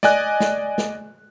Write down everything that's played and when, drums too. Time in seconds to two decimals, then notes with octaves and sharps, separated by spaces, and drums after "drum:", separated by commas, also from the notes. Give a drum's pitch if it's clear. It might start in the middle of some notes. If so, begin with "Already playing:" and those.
0.03 D5 D#5 G#5 F#6, drum: snare
0.40 drum: snare
0.78 drum: snare